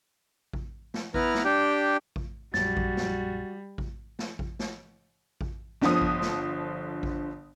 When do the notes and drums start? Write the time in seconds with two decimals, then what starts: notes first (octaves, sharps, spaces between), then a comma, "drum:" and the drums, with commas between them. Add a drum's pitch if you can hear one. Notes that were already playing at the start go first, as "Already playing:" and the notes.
0.53 drum: kick A1
0.94 drum: snare
1.14 B3 E4 B4 A#5 F6, drum: kick A1
1.35 drum: snare
1.44 D4 G4 G5
2.16 drum: kick A1
2.54 A#1 F#2 G3 F#4 A6, drum: snare
2.77 drum: kick A1
2.97 drum: snare
3.78 drum: kick A1
4.19 drum: snare
4.39 drum: kick A1
4.59 drum: snare
5.41 drum: kick A1
5.81 G1 D3 F3 D#6, drum: snare
6.02 drum: kick A1
6.22 drum: snare
7.03 drum: kick A1